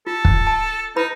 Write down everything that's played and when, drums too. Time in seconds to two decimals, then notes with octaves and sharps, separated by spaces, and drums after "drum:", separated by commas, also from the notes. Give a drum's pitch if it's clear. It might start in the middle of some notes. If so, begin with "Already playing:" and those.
0.07 F4 A4
0.25 drum: kick
0.47 A5
0.96 D#4 E4 B4 B5